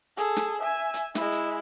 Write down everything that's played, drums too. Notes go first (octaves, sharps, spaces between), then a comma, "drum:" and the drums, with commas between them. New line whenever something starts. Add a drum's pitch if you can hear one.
G#4 A4, drum: hi-hat
drum: snare
E5 G#5
drum: hi-hat
G#3 E4, drum: snare
drum: hi-hat